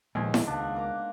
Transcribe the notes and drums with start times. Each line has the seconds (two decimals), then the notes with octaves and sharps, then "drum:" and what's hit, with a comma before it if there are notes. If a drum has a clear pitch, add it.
0.15 D#2 A#2 F3 G#3 B3 D#4 C5 G#5
0.34 drum: snare E4
0.47 C#2 D4 F5 F#5 A5
0.74 A#3 A#5 D6